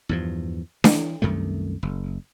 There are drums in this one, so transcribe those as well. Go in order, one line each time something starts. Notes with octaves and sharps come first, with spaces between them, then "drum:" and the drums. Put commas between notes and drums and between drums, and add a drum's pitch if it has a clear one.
E2 G2 F3
E3, drum: snare D4
C2 F#2 D#3 A3
F#1